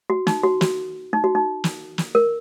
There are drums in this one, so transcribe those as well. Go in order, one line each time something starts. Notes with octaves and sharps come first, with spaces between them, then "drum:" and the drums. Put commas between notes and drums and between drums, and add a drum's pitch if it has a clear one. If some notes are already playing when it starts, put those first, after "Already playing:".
F#4
D#4, drum: snare
F#4
F#4, drum: snare
D#4
F#4
D#4
drum: snare
drum: snare
A#4